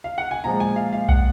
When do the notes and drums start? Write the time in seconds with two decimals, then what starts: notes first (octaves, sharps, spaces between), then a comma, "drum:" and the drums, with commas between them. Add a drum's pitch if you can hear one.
0.04 F5
0.18 F#5
0.31 G#5
0.44 A#2 F3 G#3 A#5
0.60 G#5
0.76 F5
0.93 F5
1.09 F#5, drum: kick B1